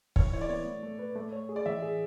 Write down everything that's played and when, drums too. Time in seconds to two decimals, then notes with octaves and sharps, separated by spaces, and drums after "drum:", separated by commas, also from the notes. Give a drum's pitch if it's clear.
0.16 E3 C#5, drum: kick
0.33 E4 C#5
0.41 D5
0.49 B3 C#5
0.66 A3
0.83 A3
0.99 B4
1.16 A3
1.33 C#5
1.49 G#4
1.56 D5
1.66 E3 E5
1.82 G#4